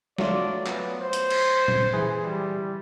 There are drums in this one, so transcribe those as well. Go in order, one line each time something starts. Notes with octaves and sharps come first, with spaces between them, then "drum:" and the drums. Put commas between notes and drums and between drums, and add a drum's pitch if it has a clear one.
F#3 A3 F4 D5, drum: snare
B3, drum: clap
C5
drum: hi-hat
drum: cymbal
drum: tom
E3 G#4 B4
G3